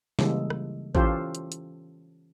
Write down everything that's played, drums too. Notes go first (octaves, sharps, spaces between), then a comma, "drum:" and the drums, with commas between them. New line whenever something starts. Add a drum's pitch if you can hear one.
C#3 E3 G3 G#3 A#3 A4, drum: snare
drum: rim click
E3 C#4 F4 G4 A4 C5, drum: kick A1
drum: hi-hat
drum: hi-hat